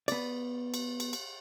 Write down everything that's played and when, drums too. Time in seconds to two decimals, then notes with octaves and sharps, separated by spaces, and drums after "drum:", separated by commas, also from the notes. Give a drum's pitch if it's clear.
0.08 B3 D5, drum: cymbal
0.74 drum: cymbal
1.00 drum: cymbal
1.13 drum: cymbal